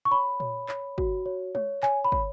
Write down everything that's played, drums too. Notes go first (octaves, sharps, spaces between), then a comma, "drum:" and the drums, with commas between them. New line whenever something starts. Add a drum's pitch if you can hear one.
C#6
C#5 B5
C#5, drum: tom A#2
C#5, drum: clap
F#4, drum: kick
C#5
C#5, drum: tom G#3
C#5 G#5, drum: clap
B5
C#5, drum: kick